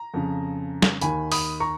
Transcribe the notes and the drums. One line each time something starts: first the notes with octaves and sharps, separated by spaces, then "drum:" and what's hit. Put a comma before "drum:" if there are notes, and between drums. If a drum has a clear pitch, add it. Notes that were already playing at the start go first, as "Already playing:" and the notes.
Already playing: A#5
F2 C#3
drum: snare
D#2 D#3 G#5 B5, drum: hi-hat
B5 D#6, drum: open hi-hat
A#5 C#6